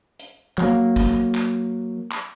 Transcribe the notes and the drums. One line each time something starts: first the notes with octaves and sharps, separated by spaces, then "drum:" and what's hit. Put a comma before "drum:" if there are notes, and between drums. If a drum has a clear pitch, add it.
drum: hi-hat
F#3 A#3, drum: clap
drum: kick, hi-hat
drum: clap
drum: clap